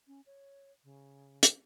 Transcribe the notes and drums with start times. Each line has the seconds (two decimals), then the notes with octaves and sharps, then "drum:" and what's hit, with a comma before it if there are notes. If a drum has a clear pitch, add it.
0.07 C#4
0.26 C#5
0.84 C#3
1.43 drum: hi-hat